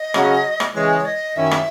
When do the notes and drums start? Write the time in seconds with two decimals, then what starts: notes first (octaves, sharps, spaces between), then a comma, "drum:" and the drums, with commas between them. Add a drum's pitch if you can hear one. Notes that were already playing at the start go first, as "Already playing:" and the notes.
Already playing: D#5
0.14 C#3 F#3 C#4, drum: rim click
0.60 drum: rim click
0.75 C#3 E3 G#3 C#5
1.05 D#5
1.36 F#2 D#3 F#3 C#4 E4 E5
1.51 drum: rim click